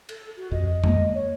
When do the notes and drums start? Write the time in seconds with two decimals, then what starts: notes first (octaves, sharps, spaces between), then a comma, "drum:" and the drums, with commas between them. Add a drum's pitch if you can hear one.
0.09 A4, drum: cymbal
0.37 F#4
0.52 F2 D#5
0.84 G#3 A#3, drum: tom F2
1.14 C#5